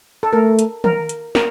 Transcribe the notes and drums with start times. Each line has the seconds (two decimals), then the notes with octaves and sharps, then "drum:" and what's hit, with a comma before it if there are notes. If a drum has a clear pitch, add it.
0.23 A4
0.33 A3 A#4
0.59 drum: hi-hat
0.84 A#4, drum: tom D#3
1.09 drum: hi-hat
1.35 A#4, drum: snare